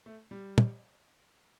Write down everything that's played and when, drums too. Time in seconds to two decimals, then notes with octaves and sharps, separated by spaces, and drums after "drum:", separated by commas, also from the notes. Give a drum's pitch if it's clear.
0.06 A3
0.31 G3
0.58 drum: tom